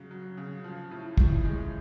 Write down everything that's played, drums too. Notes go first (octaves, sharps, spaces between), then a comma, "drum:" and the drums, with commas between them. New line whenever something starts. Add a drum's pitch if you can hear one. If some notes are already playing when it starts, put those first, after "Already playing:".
Already playing: C#3 F#3
F#3
C#3
F3
A2
A2, drum: kick
G#3